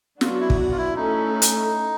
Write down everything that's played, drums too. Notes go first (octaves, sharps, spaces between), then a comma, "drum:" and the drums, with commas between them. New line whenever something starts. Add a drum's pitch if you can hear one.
F#3 B3 D4 F4 F#4, drum: snare
E4
drum: kick
F4
E4
A3 C#4 D#4 E4 A4
drum: hi-hat